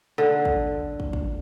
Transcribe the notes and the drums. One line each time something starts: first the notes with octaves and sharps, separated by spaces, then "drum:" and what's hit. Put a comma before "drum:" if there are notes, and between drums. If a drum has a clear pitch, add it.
D3
drum: kick
drum: kick
drum: kick